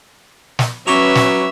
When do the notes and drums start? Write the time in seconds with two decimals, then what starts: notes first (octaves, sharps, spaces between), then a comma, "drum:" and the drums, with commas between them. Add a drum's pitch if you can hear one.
0.59 drum: snare
0.87 F#3 C#4 B4 E5 C#6 D6 F7
1.15 drum: snare